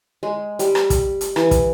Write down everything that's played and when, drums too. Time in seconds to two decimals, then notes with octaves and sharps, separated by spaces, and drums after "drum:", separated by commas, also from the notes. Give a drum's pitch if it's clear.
0.23 G#3
0.59 G3, drum: hi-hat
0.75 drum: rim click
0.90 drum: kick, hi-hat
1.21 drum: hi-hat
1.36 E3, drum: rim click
1.51 drum: kick, hi-hat